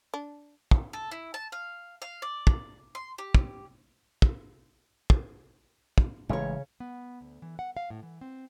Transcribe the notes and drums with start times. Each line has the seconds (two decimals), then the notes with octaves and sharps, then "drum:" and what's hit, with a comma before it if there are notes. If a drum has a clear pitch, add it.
0.14 D4
0.71 drum: kick
0.93 A4
1.11 E4
1.34 A5
1.52 F5
2.02 F5
2.22 D5
2.47 drum: kick
2.95 C6
3.18 G4
3.35 drum: kick
4.22 drum: kick
5.10 drum: kick
5.98 drum: kick
6.29 A1 C#3 E3 G#3 C#5
6.80 B3
7.21 D2
7.42 E3
7.59 F#5
7.77 F5
7.90 A2
8.03 E3
8.21 C4